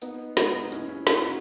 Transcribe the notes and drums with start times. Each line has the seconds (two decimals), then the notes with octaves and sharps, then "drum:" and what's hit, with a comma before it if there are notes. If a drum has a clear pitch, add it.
0.02 B3 D#4, drum: tambourine
0.37 G#3 B3, drum: snare
0.55 B3 D#4
0.72 C#4 E4, drum: tambourine
0.89 C#4 E4
1.07 C#4 E4, drum: snare
1.24 D#4 F#4